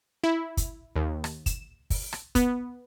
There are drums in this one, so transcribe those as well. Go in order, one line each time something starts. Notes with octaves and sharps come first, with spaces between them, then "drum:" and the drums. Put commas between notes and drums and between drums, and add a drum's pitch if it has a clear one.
E4
drum: kick, hi-hat
D#2
drum: rim click
E7, drum: kick, hi-hat
drum: kick, open hi-hat
drum: rim click
B3, drum: kick, hi-hat